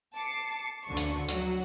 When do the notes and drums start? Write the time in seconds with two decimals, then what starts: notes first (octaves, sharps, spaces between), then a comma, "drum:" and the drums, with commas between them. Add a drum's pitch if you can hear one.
0.16 A5 D6 C7 C#7
0.86 D2 D3 C#6
0.97 drum: hi-hat
1.29 F#3 F#4, drum: hi-hat